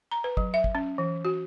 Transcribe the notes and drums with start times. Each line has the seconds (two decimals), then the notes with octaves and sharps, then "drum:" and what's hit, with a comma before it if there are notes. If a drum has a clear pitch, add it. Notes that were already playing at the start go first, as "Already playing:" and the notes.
0.12 A#5
0.24 B4
0.37 F#3, drum: kick
0.54 E5
0.64 drum: kick
0.75 C#4
0.98 E3
1.25 F#4